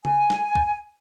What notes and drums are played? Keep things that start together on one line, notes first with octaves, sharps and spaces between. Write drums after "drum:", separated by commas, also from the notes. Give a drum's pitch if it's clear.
G#5, drum: tom C#3
drum: snare
drum: kick